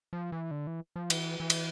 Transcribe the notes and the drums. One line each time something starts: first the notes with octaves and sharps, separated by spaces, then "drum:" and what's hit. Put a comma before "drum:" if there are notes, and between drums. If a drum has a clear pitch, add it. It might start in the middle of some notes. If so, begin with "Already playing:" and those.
F3
E3
D3
E3
F3
E3, drum: cymbal
E3
drum: cymbal